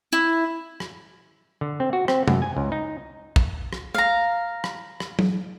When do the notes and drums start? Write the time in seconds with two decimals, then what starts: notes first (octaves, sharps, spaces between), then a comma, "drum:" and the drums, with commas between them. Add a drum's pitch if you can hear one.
0.13 E4
0.80 drum: rim click
1.61 D3
1.80 C4
1.93 F#4
2.08 C4, drum: rim click
2.28 F#2, drum: tom
2.42 G#5
2.57 C#2
2.72 D#4
3.36 drum: kick
3.73 drum: rim click
3.94 F5 A#5
4.64 drum: rim click
5.00 drum: rim click
5.19 drum: tom F#3